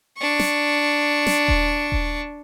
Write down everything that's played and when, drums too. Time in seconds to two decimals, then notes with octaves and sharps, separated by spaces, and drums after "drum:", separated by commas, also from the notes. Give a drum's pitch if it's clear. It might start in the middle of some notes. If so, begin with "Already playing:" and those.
0.18 D4 C#6
0.40 drum: snare
1.27 drum: snare
1.48 drum: kick D#1
1.92 drum: kick D#1